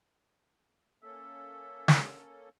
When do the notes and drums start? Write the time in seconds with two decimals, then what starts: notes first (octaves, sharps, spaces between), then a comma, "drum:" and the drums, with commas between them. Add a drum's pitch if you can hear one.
1.03 A#3 C#4 A4 E5
1.88 drum: snare